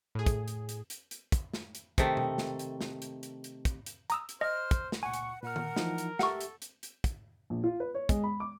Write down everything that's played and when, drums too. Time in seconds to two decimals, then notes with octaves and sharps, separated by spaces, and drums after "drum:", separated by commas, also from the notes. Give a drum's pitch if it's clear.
0.15 A2 G#4
0.26 drum: kick, hi-hat
0.48 drum: hi-hat
0.69 drum: hi-hat
0.90 drum: hi-hat
1.11 drum: hi-hat
1.32 drum: kick, hi-hat
1.54 drum: snare
1.75 drum: hi-hat
1.98 C3 D#3 A3, drum: kick, hi-hat
2.17 drum: tom B2
2.38 drum: snare
2.59 drum: hi-hat
2.81 drum: snare
3.02 drum: hi-hat
3.23 drum: hi-hat
3.44 drum: hi-hat
3.65 drum: kick, hi-hat
3.86 drum: hi-hat
4.10 A#5 D#6 E6, drum: hi-hat
4.29 drum: hi-hat
4.41 C5 D#5 F6
4.71 drum: kick, hi-hat
4.92 drum: snare
5.03 C#2 A#2 F#5 G#5 C#6
5.13 drum: hi-hat
5.43 A#2 A#4 F#5 F6
5.56 drum: tom D#3
5.76 E3 F3 D#4, drum: snare
5.98 drum: hi-hat
6.19 G4 A4 E5 F#5 C#6, drum: snare
6.41 drum: hi-hat
6.62 drum: hi-hat
6.83 drum: hi-hat
7.04 drum: kick, hi-hat
7.50 A#1
7.64 F4
7.80 B4
7.95 C#5
8.09 G#3, drum: kick, hi-hat
8.24 B5
8.40 D6